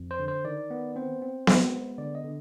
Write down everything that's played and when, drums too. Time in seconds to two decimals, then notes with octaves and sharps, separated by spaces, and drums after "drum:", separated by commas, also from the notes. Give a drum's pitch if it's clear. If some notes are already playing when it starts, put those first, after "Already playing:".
Already playing: F2
0.11 C5
0.20 D3
0.28 C5
0.45 D#3 D5
0.71 B3
0.96 C4 C5
1.22 C4
1.47 G#3, drum: snare B3
1.72 B3
1.98 D3 D5
2.15 D#5
2.24 D3